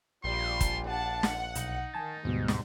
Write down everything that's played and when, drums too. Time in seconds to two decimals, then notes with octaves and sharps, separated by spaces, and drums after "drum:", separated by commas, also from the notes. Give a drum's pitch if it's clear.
0.24 A#1 G3 F4 C6
0.61 drum: kick, hi-hat
0.86 D4 F#5 A5
1.23 F#5, drum: snare
1.55 B1 D#4, drum: hi-hat
1.94 D#3 G#5 A5 A6
2.25 D2 G#2 B2 G3
2.48 drum: snare